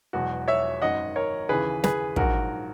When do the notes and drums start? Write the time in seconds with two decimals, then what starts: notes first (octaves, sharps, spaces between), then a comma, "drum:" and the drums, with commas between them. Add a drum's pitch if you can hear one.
0.13 E1 E2 B2 F#3 F#4
0.48 C#5 E5
0.82 G#1 F#2 D#3 D#5 F#5
1.16 A#4 C#5
1.49 D#2 C#3 E3 G#4 B4
1.84 G#4 B4, drum: snare
2.16 A#1 G#2 F#3 F#4 A#4, drum: kick